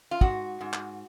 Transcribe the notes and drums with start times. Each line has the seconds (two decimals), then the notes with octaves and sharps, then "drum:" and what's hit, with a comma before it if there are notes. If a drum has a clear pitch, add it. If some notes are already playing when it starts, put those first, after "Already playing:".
0.11 F4
0.21 G#2 F#4, drum: kick
0.61 G#2
0.73 drum: clap